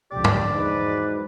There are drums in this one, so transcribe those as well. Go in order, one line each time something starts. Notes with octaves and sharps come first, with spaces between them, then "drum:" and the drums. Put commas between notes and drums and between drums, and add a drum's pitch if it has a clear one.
C#2 D3 F3 G4 D5
drum: tom
E2 G#2 B4
F#3